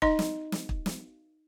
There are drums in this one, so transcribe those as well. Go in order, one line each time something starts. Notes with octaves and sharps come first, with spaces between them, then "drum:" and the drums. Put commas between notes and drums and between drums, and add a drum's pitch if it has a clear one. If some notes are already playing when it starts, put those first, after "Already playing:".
D#4 D#5 C6, drum: kick
drum: snare
drum: snare
drum: kick
drum: snare